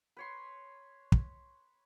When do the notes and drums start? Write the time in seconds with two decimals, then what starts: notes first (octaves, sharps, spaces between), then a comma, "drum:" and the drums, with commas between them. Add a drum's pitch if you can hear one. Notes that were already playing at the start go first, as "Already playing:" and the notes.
0.17 B4 C#5 C6
1.12 drum: kick